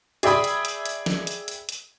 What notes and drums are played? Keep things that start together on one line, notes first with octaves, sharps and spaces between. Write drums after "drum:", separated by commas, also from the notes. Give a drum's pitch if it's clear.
G#4 D5 E5 G5 B5 D#6, drum: hi-hat
drum: hi-hat
drum: hi-hat
drum: hi-hat
drum: snare
drum: hi-hat
drum: hi-hat
drum: hi-hat